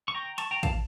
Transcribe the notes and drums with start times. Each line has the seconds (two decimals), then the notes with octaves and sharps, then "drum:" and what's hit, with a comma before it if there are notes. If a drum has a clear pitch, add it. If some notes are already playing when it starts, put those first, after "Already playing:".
0.08 C#6
0.15 G5 A#5
0.38 A5 C#6, drum: cymbal
0.51 G5 A#5
0.63 F5 A5, drum: kick, cymbal